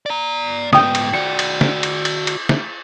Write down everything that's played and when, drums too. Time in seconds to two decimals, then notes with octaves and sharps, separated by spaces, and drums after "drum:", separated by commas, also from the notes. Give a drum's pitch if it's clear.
0.06 D5 A#5
0.73 G#2 B3 G5 D#6, drum: snare
0.95 drum: cymbal
1.13 F#4 D5 C#7
1.39 drum: cymbal
1.61 drum: snare
1.83 drum: cymbal
2.05 drum: cymbal
2.27 drum: cymbal
2.49 drum: snare